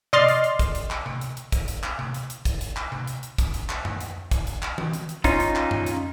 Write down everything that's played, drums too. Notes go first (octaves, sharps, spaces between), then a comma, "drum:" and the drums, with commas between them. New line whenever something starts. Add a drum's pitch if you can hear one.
D5 D#5 C6 F6 A6 C7, drum: tom C3
drum: hi-hat
drum: hi-hat
drum: kick, hi-hat
drum: hi-hat
drum: clap
drum: tom C3
drum: hi-hat
drum: hi-hat
drum: kick, hi-hat
drum: hi-hat
drum: clap
drum: tom C3
drum: hi-hat
drum: hi-hat
drum: kick, hi-hat
drum: hi-hat
drum: clap
drum: tom C3
drum: hi-hat
drum: hi-hat
drum: kick, hi-hat
drum: hi-hat
drum: clap
drum: tom F2
drum: hi-hat
drum: kick, hi-hat
drum: hi-hat
drum: clap
drum: tom D#3
drum: hi-hat
drum: hi-hat
C#4 D#4 F4, drum: kick, hi-hat
drum: hi-hat
drum: clap
drum: tom F2
drum: hi-hat